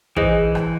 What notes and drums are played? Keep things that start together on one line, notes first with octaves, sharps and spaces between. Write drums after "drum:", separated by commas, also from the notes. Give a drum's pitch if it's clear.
E3 G#4 C5 D#5, drum: kick
drum: rim click